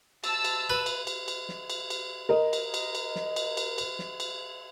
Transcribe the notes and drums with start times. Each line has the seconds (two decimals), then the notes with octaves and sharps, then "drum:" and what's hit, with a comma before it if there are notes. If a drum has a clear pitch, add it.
0.24 A5 E6, drum: cymbal
0.44 drum: cymbal
0.70 B4
0.86 drum: cymbal
1.07 drum: cymbal
1.28 drum: cymbal
1.49 drum: snare
1.70 drum: cymbal
1.90 drum: cymbal
2.29 A#4 D#5
2.53 drum: cymbal
2.74 drum: cymbal
2.95 drum: cymbal
3.16 drum: snare
3.36 drum: cymbal
3.57 drum: cymbal
3.78 drum: cymbal
3.99 drum: snare
4.20 drum: cymbal